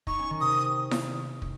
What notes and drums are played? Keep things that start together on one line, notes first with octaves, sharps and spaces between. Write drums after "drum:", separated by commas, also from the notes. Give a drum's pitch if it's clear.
D#4 C#6, drum: kick
C#4
D#3
C3 D#6
drum: snare E4
drum: kick